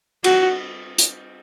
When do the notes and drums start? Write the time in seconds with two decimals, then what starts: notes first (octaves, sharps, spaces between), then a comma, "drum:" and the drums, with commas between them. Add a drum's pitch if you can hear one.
0.24 F#4, drum: cymbal
0.98 drum: hi-hat